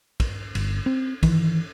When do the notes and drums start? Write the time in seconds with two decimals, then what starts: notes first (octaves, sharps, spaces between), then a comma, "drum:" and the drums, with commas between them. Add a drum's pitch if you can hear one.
0.20 drum: kick, cymbal
0.55 G1, drum: cymbal
0.86 C4
1.23 D#3 E3, drum: kick, cymbal